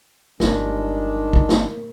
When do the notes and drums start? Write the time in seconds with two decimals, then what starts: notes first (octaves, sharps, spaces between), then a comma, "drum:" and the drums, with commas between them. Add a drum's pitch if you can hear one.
0.40 G1 D#3 F3 G#3 D4 A#4, drum: snare
1.33 drum: kick
1.49 drum: snare